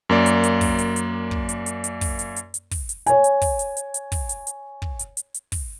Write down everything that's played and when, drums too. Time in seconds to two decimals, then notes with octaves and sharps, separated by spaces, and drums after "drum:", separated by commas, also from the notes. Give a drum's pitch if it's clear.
0.09 F#2 A#3 D5
0.26 drum: hi-hat
0.43 drum: hi-hat
0.61 drum: kick, open hi-hat
0.79 drum: hi-hat
0.96 drum: hi-hat
1.31 drum: kick
1.49 drum: hi-hat
1.66 drum: hi-hat
1.84 drum: hi-hat
2.01 drum: kick, open hi-hat
2.19 drum: hi-hat
2.36 drum: hi-hat
2.54 drum: hi-hat
2.71 drum: kick, open hi-hat
2.89 drum: hi-hat
3.06 C#5 G#5, drum: hi-hat
3.24 drum: hi-hat
3.42 drum: kick, open hi-hat
3.59 drum: hi-hat
3.77 drum: hi-hat
3.94 drum: hi-hat
4.12 drum: kick, open hi-hat
4.29 drum: hi-hat
4.47 drum: hi-hat
4.82 drum: kick
4.99 drum: hi-hat
5.17 drum: hi-hat
5.34 drum: hi-hat
5.52 drum: kick, open hi-hat